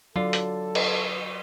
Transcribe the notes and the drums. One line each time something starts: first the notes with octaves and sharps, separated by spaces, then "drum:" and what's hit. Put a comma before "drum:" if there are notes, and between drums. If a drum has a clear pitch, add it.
D3 F#3 F4 A4 D5
drum: hi-hat
drum: cymbal